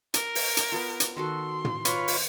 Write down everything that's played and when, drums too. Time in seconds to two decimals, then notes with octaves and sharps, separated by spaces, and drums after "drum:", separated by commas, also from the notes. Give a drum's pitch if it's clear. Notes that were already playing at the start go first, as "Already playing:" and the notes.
0.14 A#4, drum: hi-hat
0.35 drum: open hi-hat
0.57 drum: hi-hat
0.72 B3 F4
1.00 drum: hi-hat
1.17 D#3 F#4 A4 C6
1.65 drum: tom
1.85 F4 B4 C#5, drum: hi-hat
2.08 drum: open hi-hat